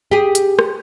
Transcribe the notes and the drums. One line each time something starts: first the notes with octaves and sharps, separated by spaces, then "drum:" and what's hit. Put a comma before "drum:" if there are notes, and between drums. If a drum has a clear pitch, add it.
G4 G#4
drum: hi-hat
drum: rim click